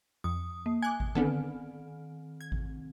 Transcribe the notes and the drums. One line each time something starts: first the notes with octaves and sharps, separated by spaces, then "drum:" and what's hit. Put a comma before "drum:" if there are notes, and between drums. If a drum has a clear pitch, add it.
F2 D#6
A#3
G#5 D6 F#6 G#6
drum: kick G#1
D3 D#3 B3 C4 A4
G#6
drum: kick G#1